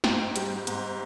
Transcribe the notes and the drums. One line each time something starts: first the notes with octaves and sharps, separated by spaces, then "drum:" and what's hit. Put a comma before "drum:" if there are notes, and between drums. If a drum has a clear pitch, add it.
G#2 G5, drum: snare
G3, drum: hi-hat
G#2, drum: hi-hat